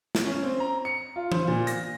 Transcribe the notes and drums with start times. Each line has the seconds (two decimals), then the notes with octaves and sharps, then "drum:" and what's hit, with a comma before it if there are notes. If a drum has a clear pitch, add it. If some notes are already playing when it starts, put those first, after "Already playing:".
0.15 drum: snare
0.25 C#4
0.43 C4
0.60 A#5
0.85 C#7
1.16 F4
1.32 C5, drum: tom E3
1.48 A#2
1.67 A#6, drum: hi-hat